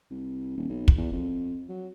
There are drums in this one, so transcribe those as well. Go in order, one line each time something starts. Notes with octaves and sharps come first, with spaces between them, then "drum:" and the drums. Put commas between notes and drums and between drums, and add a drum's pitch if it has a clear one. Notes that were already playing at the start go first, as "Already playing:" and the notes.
C2
D#1
B1
drum: kick
E2
F2
F#3